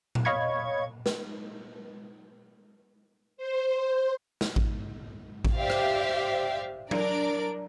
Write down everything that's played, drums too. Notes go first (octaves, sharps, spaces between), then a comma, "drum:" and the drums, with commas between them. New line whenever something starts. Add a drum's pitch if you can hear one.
drum: tom A#2
C#5 D#5 F5 B5 C#6 G#6
drum: snare
C5
drum: snare
drum: kick A1
drum: kick A1
G4 C5 D5 E5 F5
drum: rim click
D4 A#4 D5 D7, drum: tom F#3